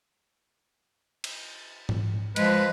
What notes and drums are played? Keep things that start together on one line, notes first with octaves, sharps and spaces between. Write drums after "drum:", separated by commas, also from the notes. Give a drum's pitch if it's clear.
drum: cymbal
drum: tom G#2
F3 G#3 B4, drum: hi-hat